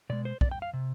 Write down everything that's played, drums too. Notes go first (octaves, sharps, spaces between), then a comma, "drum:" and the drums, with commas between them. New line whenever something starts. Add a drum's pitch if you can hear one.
B2 G#3 D5
C5
D5, drum: kick
G5
F5
C3